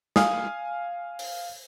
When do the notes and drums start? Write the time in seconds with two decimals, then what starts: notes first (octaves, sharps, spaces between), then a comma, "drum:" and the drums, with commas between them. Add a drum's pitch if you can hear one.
0.16 F5 G#5 D#6, drum: snare
1.19 drum: open hi-hat